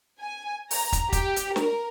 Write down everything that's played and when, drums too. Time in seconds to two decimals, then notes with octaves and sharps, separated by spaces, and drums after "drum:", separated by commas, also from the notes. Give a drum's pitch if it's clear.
0.20 G#5
0.71 A#5, drum: open hi-hat
0.92 drum: kick, hi-hat
1.12 G4, drum: kick, hi-hat
1.36 drum: hi-hat
1.56 A#4, drum: snare